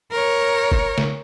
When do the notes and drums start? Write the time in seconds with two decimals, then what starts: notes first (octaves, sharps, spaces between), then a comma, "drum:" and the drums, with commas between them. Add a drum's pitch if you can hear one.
0.12 A#4 C#5
0.72 drum: kick
0.98 drum: snare